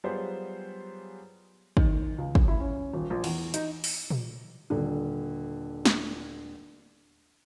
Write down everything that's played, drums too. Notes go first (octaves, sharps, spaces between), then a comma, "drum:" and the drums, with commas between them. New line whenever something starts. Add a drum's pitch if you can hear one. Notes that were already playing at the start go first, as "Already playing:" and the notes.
F#3 G3 B3 F4 G#4 C5
D#3, drum: kick
C#2
drum: kick
E4
C#4
D#1
A#1
E2, drum: cymbal
D#4, drum: hi-hat
drum: open hi-hat
drum: tom A#2
D#1 D3
drum: snare